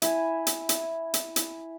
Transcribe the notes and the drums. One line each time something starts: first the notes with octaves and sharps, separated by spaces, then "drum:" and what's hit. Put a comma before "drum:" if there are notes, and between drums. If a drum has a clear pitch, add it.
E4 G#5, drum: hi-hat
drum: hi-hat
drum: hi-hat
drum: hi-hat
drum: hi-hat